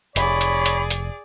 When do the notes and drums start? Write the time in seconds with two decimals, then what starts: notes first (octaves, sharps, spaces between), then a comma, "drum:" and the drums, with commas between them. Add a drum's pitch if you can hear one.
0.16 F1 G#4 C#5 D5 B5, drum: hi-hat
0.41 drum: hi-hat
0.66 drum: hi-hat
0.90 drum: hi-hat